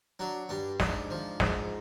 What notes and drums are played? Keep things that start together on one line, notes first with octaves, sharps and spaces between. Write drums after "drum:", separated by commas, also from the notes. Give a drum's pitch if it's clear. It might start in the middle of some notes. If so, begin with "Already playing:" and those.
F#3 D4
G2 D4
G#2 D4, drum: snare
F3
G#2, drum: snare